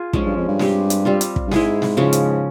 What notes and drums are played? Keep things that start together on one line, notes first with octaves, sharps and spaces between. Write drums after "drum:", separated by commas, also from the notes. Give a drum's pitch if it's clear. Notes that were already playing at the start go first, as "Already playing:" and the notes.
Already playing: F4 G#4
G#2 F3 G#3 C#4, drum: kick
G2
F2
G2
G#3 C4 G4, drum: snare
drum: hi-hat
G3 C4 F4
drum: hi-hat
drum: kick
G2
G#2 G#3 E4 G#4, drum: snare
drum: snare
C#3 F3 G#3 C#4
drum: hi-hat